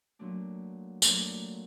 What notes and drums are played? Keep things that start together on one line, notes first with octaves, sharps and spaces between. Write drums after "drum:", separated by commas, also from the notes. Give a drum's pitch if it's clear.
A#2 F#3 A3 D4
A#2 F#3 A3 D4, drum: tambourine